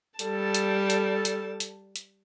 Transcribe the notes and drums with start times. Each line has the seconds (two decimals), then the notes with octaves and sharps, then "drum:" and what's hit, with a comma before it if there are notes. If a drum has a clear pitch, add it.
0.19 G3 A4 A5, drum: hi-hat
0.54 drum: hi-hat
0.90 drum: hi-hat
1.25 drum: hi-hat
1.60 drum: hi-hat
1.96 drum: hi-hat